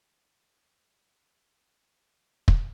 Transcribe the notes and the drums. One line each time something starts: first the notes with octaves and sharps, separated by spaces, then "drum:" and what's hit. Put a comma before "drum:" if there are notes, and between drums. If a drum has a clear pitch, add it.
F#3 A3
F3 G#3
F3 G#3
drum: kick